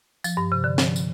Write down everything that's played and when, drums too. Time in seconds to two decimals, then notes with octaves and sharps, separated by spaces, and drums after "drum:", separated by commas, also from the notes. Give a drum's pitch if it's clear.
0.24 F3, drum: tambourine
0.37 G2
0.52 C3
0.64 D3
0.78 F3, drum: snare
0.96 drum: tambourine